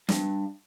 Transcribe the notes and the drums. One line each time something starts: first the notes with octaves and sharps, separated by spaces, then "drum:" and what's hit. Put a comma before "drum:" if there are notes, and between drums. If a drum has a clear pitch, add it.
G2, drum: snare